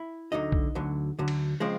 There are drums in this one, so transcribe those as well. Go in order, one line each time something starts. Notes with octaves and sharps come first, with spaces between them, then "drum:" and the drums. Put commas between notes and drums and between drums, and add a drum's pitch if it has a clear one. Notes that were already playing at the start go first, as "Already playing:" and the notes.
Already playing: E4
D2 D3 F#3 D#4 D#5
drum: kick B1
D2 D3 F#3
D2 D3 F#3
drum: cymbal
C#3 F3 G#3 C4